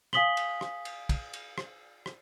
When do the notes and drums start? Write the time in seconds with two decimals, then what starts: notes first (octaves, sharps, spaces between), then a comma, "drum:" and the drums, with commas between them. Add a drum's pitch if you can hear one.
0.13 F5 G#5 D#6 B6 F#7 G7, drum: rim click
0.37 drum: cymbal
0.61 drum: rim click
0.85 drum: cymbal
1.09 drum: kick, cymbal
1.33 drum: cymbal
1.58 drum: rim click
2.06 drum: rim click